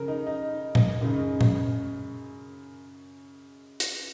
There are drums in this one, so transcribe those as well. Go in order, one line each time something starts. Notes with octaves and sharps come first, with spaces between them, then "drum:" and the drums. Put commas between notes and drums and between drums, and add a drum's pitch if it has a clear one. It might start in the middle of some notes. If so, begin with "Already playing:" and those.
Already playing: C#3 A#4
D#4
D#4
drum: tom A#2
F#2 C#3 D#4
drum: tom A#2
drum: hi-hat